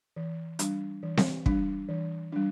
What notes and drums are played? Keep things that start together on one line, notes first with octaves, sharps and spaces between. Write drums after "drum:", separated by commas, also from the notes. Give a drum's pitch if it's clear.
E3
G3 D4, drum: hi-hat
E3
drum: snare C4
G3 D4, drum: kick
E3
G3 D4